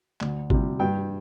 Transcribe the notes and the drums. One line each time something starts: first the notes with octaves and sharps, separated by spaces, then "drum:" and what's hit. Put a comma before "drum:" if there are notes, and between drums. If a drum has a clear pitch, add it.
D2, drum: clap
C3 G3, drum: kick G#1
G2 G5